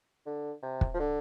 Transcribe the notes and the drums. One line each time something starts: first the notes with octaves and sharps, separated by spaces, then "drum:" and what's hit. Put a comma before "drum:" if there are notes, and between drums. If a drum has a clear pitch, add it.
D3
C3
drum: kick
F3
D3